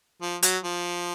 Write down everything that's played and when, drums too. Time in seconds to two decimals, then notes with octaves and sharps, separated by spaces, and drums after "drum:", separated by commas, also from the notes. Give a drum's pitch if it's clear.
0.21 F3
0.42 F#3, drum: hi-hat
0.64 F3